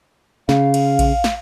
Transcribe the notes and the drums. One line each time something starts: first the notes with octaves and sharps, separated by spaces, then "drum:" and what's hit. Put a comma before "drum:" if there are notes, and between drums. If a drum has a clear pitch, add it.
C#3 F5, drum: snare
drum: cymbal
drum: kick A#1, cymbal
drum: snare